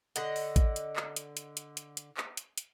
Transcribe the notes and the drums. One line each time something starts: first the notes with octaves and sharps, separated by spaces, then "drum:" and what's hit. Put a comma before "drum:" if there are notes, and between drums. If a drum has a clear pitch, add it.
D3 D#5 F#5, drum: hi-hat
drum: open hi-hat
drum: kick A1, hi-hat
drum: hi-hat
drum: clap
drum: hi-hat
drum: hi-hat
drum: hi-hat
drum: hi-hat
drum: hi-hat
drum: clap
drum: hi-hat
drum: hi-hat